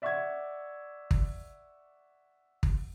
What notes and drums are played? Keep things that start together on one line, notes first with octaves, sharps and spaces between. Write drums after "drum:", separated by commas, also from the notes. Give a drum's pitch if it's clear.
D5 E5 F#5 C#6 D6 G#6
drum: kick
drum: kick